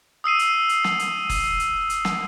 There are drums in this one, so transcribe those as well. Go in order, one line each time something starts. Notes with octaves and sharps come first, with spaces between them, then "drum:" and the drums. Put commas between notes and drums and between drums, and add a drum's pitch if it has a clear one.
D#6 E6 C7 D#7
drum: hi-hat
drum: hi-hat
drum: snare
drum: hi-hat
drum: kick F#1, open hi-hat
drum: hi-hat
drum: hi-hat
drum: snare